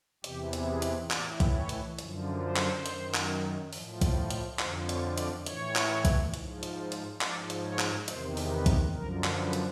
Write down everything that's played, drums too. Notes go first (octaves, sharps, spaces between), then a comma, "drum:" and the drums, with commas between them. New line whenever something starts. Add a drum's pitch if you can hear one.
E2 C3 E3 G4, drum: hi-hat
drum: hi-hat
G#4
drum: hi-hat
A2 E3 D5, drum: clap
drum: kick, hi-hat
C#5
drum: hi-hat
F#2 D3 F3, drum: hi-hat
C5
drum: clap
F#2 D#3, drum: hi-hat
drum: clap
A2 F3, drum: open hi-hat
drum: kick, hi-hat
drum: hi-hat
F2 D3 F3 C5, drum: clap
C#5, drum: hi-hat
D5, drum: hi-hat
A2 E3 C#5, drum: hi-hat
drum: clap
drum: kick, hi-hat
G#2 F3, drum: hi-hat
drum: hi-hat
drum: hi-hat
G#2 F3 D5, drum: clap
drum: hi-hat
C#5
drum: clap
E2 C3 D#3 C5, drum: hi-hat
drum: open hi-hat
B4
drum: kick, hi-hat
F#2 D3 F3 A#4
drum: clap
B4
drum: hi-hat